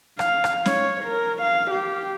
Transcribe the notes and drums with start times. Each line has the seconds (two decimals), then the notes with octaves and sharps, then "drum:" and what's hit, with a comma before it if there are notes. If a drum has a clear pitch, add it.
0.19 F5, drum: rim click
0.44 drum: rim click
0.66 C#5, drum: snare
1.04 A#4
1.42 F5
1.71 G4